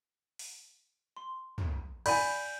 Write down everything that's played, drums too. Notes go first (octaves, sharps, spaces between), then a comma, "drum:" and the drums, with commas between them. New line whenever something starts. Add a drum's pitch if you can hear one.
drum: open hi-hat
C6
drum: tom
D5 F#5 G#5 B5 G6, drum: cymbal